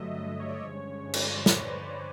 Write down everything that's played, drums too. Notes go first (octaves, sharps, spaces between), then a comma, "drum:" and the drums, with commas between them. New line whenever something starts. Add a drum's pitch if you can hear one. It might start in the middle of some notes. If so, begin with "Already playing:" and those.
Already playing: G2 D3 F#3 A3 D#5 E5
D#5
C#5
D5
C#5
G2 D3 F3 G#3 C#4
D5, drum: cymbal
C5
B4, drum: snare
G2 D3 F3